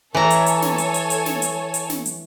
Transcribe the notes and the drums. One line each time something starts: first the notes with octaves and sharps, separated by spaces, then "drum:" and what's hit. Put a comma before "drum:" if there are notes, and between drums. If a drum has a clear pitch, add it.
E3 A4 C#5 G#5 A#5
drum: hi-hat
drum: hi-hat
drum: snare
drum: hi-hat
drum: hi-hat
drum: hi-hat
drum: snare
drum: hi-hat
drum: hi-hat
drum: snare
drum: hi-hat